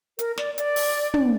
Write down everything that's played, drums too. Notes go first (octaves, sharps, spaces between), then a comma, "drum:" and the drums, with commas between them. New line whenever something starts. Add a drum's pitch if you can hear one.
A#4, drum: hi-hat
D5, drum: snare
D5, drum: hi-hat
drum: open hi-hat
drum: tom